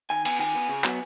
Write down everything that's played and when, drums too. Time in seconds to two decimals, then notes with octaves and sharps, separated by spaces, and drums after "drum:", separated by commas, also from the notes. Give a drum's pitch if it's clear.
0.10 D#3 G#5
0.25 B3 G#5, drum: cymbal
0.39 D#3 G#5
0.55 B3
0.69 C#3
0.84 F#3 B3, drum: clap